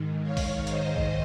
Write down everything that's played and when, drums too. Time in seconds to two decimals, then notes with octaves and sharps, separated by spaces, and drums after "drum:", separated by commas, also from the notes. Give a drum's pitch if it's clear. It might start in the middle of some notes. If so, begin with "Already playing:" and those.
Already playing: G#2 D#3
0.22 C#5 F5
0.37 drum: kick A#1, open hi-hat
0.67 G#2 D#3 C5 D#5, drum: hi-hat
0.97 drum: kick A#1